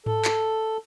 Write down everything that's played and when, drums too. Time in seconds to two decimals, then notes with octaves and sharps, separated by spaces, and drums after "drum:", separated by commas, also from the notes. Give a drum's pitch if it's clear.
0.06 A4, drum: tom G#2
0.25 drum: clap